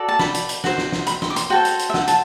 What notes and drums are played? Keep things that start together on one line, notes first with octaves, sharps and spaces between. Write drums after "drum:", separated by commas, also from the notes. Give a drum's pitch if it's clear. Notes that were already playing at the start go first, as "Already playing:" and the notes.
Already playing: F#4 A4 D5
A5
B5, drum: snare
drum: hi-hat
drum: hi-hat
F#4 C5, drum: snare
drum: snare
drum: snare
B5, drum: hi-hat
C6, drum: snare
D6
C6, drum: hi-hat
F#4 A4 C5 G5
drum: hi-hat
drum: hi-hat
E5
F#5, drum: snare
A5, drum: hi-hat